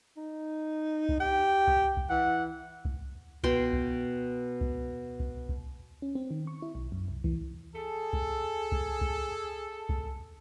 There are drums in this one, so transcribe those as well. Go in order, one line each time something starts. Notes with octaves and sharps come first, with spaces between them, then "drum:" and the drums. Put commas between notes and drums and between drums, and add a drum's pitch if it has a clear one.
D#4
drum: kick C2
G4 G5
drum: kick C2
drum: kick C2
E3 F#5
drum: kick C2
B2 G5 C6, drum: kick C2
drum: kick C2
drum: kick C2
drum: kick C2
drum: kick C2
C#4
C4
D#3
C#6
E4
B1
F#2
C2
E3, drum: kick C2
G#4 A4
drum: kick C2
drum: kick C2
drum: kick C2
drum: kick C2